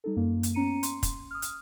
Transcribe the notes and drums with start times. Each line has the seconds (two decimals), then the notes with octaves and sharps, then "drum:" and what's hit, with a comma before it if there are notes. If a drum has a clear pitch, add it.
0.04 G3 D#4 A4
0.16 F#2 A#3
0.43 drum: hi-hat
0.54 B3 C#4 A#5 C#7 D#7
0.83 C6, drum: hi-hat
1.03 drum: kick, hi-hat
1.31 D#6 F6
1.42 drum: hi-hat